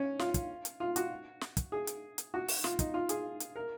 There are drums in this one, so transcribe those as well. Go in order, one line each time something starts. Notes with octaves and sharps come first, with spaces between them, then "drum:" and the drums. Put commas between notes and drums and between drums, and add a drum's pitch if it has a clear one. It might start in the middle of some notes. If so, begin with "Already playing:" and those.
Already playing: C#4
F4, drum: snare
drum: kick, hi-hat
drum: hi-hat
F4
F#4, drum: hi-hat
drum: snare
drum: kick, hi-hat
G#4
drum: hi-hat
drum: hi-hat
F#4
drum: open hi-hat
F4, drum: snare
D#4, drum: kick, hi-hat
F4
G#4, drum: hi-hat
drum: hi-hat
A#4